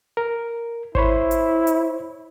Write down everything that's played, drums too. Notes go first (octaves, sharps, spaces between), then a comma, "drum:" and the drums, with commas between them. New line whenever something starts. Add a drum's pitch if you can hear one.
A#4
E4 C5 C#5 B5, drum: kick G#1
drum: hi-hat
drum: hi-hat